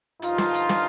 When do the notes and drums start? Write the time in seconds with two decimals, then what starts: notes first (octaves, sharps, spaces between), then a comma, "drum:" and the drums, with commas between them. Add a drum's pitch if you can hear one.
0.22 G2 D3 F3 D#4 F4, drum: hi-hat
0.38 drum: snare
0.54 drum: hi-hat
0.69 drum: snare